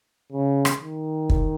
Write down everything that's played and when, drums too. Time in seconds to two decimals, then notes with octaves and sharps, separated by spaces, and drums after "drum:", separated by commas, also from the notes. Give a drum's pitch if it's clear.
0.33 C#3
0.65 drum: rim click
0.81 D#3
1.30 drum: kick